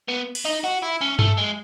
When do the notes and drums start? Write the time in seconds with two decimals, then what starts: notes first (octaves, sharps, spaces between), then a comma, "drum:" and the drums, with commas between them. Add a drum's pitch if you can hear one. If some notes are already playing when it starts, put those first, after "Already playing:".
0.09 B3
0.35 drum: cymbal
0.45 D#4
0.64 F#4
0.82 E4
1.01 C#4
1.19 A3, drum: tom G2
1.38 G#3